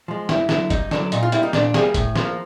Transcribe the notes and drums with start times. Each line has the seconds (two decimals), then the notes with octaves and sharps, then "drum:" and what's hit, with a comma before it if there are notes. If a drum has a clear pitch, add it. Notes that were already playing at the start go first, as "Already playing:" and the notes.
0.08 F3 G#3
0.29 G2 E4, drum: snare
0.49 D3 F#3 E4, drum: snare
0.70 G2 D#4, drum: kick, hi-hat
0.91 D3 F#3 D4, drum: snare
1.12 A#2 D#4, drum: hi-hat
1.23 F4
1.32 G3 A#3 E4, drum: hi-hat
1.43 D#4
1.53 A#2 D4, drum: snare
1.74 G3 A#3 G#4, drum: snare
1.94 A2, drum: kick, hi-hat
2.16 F3 A#3, drum: snare